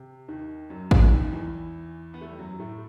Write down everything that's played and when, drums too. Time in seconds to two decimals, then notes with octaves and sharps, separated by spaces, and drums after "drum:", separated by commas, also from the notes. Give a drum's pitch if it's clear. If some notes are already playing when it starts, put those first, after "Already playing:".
Already playing: C3
0.28 D#2 D#3
0.70 F#2 F#3
0.91 E2 E3, drum: kick A1
1.12 D#2 D#3
1.33 E2 E3
2.14 B3
2.21 A3
2.30 G3
2.39 F#2 F#3
2.59 A2 A3